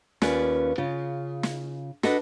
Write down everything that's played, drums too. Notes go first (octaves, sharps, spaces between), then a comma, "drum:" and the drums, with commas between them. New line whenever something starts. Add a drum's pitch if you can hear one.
D#2 C#4 F4 B4 D5, drum: snare
C#3 F4
drum: snare
D4 F#4 A4 B4 D#5, drum: snare